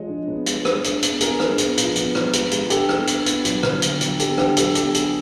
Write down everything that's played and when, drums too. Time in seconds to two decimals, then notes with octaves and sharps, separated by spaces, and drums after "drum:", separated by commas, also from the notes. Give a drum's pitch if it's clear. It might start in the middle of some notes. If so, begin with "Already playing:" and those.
Already playing: F3 G#3 C#5 D#5
0.09 D4
0.27 B3
0.46 G#3, drum: hi-hat
0.65 G#3, drum: rim click
0.84 D4, drum: hi-hat
1.02 B3, drum: hi-hat
1.20 B3 G#4 A#4, drum: hi-hat
1.39 D4, drum: rim click
1.58 B3, drum: hi-hat
1.77 F3, drum: hi-hat
1.96 B3, drum: hi-hat
2.15 B3, drum: rim click
2.33 G#3, drum: hi-hat
2.51 G#3, drum: hi-hat
2.70 D4 G4 A4, drum: hi-hat
2.89 B3, drum: rim click
3.07 D4, drum: hi-hat
3.26 B3, drum: hi-hat
3.45 F#3, drum: hi-hat
3.63 D3, drum: rim click
3.82 B3, drum: hi-hat
4.01 F#3, drum: hi-hat
4.19 B3 G4 A4, drum: hi-hat
4.38 D4 G4, drum: rim click
4.57 F#3 G4 A4, drum: hi-hat
4.75 B3 G4 A4, drum: hi-hat
4.94 D4 G#4, drum: hi-hat